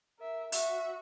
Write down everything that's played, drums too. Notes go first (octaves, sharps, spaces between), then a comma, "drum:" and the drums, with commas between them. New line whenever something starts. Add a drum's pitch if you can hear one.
A#4 E5
F#4 E5, drum: hi-hat